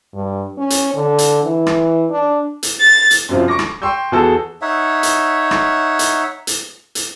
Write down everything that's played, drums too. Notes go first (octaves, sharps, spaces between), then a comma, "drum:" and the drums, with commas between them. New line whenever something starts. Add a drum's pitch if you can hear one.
G2
C#4
drum: hi-hat
D3
drum: hi-hat
E3
drum: rim click
D4
drum: hi-hat
A6
drum: hi-hat
F#2 C3 F3
C#6 D6 A#6
drum: rim click
G5 C6 C#6 E6 G6
E2 F#4 G#4 A4 E6
D#4 C#5 E5 F#5
drum: hi-hat
drum: rim click
drum: hi-hat
drum: hi-hat
drum: hi-hat